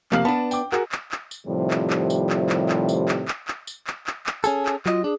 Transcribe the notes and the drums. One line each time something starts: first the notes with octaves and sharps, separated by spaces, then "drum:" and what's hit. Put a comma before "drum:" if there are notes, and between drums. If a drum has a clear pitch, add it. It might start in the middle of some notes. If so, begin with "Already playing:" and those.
F2 C3 A#3 F5 F#7, drum: clap
B3 D4 A5
G5 D6, drum: tambourine
F#4 G#4 A#4, drum: clap
drum: clap
drum: clap
drum: tambourine
A2 C3 D#3 F3 G3
drum: clap
drum: clap
drum: tambourine
drum: clap
drum: clap
drum: clap
drum: tambourine
drum: clap
drum: clap
drum: clap
drum: tambourine
drum: clap
drum: clap
drum: clap
C#4 G#4 A4 G#5, drum: tambourine
drum: clap
F#3 F4 D#5, drum: clap
D4 G#4